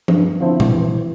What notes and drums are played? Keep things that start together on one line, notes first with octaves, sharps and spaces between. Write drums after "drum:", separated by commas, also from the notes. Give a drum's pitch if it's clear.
G2, drum: tom
D3 F3 C4 E4
drum: tom A#2
E3